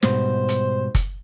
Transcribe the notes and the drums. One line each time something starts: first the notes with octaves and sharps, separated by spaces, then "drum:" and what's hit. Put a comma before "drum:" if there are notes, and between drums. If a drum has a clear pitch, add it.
G#2 B2 G3 C5, drum: snare
drum: hi-hat
drum: kick F#1, hi-hat